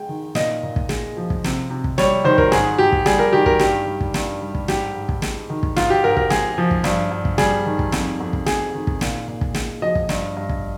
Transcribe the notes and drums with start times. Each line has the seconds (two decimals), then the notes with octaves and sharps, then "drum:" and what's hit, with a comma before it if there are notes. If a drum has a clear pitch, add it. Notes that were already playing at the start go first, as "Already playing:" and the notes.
Already playing: G#3 G5
0.09 D#3
0.35 A#2 D#5, drum: snare
0.63 A#2
0.76 drum: kick
0.89 G#3, drum: snare
1.17 F3
1.30 drum: kick
1.44 C3, drum: snare
1.70 C3
1.84 drum: kick
1.98 G3 C#5, drum: snare
2.24 D#3 C5
2.38 A#4, drum: kick
2.52 G#2 G#4, drum: snare
2.78 G#2 G4
2.92 drum: kick
3.06 G3 G#4, drum: snare
3.19 A#4
3.33 D#3 G4
3.46 A#4, drum: kick
3.59 G2 G4, drum: snare
3.87 G3
4.01 drum: kick
4.14 G2, drum: snare
4.42 G3
4.55 drum: kick
4.68 G#2 G4, drum: snare
4.95 G#2
5.09 drum: kick
5.22 G#3, drum: snare
5.50 D#3
5.63 drum: kick
5.76 G#2 F4, drum: snare
5.90 G4
6.03 G#2 A#4
6.17 A#4, drum: kick
6.30 G#3 G#4, drum: snare
6.58 F3
6.71 drum: kick
6.84 G2, drum: snare
7.11 G2
7.25 drum: kick
7.38 G3 G#4, drum: snare
7.66 D#3
7.79 drum: kick
7.92 F2, drum: snare
8.20 F2
8.33 drum: kick
8.46 G#3 G#4, drum: snare
8.74 D#3
8.87 drum: kick
9.01 A#2, drum: snare
9.28 A#2
9.41 drum: kick
9.54 G#3, drum: snare
9.82 F3 D#5
9.95 drum: kick
10.09 G2, drum: snare
10.37 G2
10.49 drum: kick